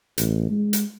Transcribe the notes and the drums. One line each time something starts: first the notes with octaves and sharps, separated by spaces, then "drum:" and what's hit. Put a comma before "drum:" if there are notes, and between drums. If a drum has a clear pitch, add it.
A1, drum: hi-hat
G#3
drum: hi-hat